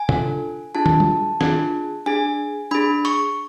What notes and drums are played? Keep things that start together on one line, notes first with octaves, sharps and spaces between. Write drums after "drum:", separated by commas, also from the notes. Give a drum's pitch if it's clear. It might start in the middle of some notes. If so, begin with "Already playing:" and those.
Already playing: G#5
D4 F4 A4, drum: tom
D4 F4 G#4 A5
drum: tom
drum: tom
D4 F4 G#4, drum: snare
D4 G#4 G#5
D4 G#4 B5
C#6, drum: hi-hat